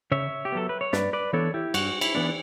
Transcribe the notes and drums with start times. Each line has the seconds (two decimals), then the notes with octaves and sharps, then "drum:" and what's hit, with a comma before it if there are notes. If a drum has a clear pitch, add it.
0.11 C#3 C#5 E5
0.45 G4
0.52 F#3 B3 A4
0.69 B4
0.81 C#5
0.93 G2 B4 D5, drum: snare
1.13 B4 D5
1.33 E3 B3 D4 A4 C#5
1.54 E4 G4
1.74 G2 F#4, drum: cymbal
2.01 E4, drum: cymbal
2.15 E3 B3 D4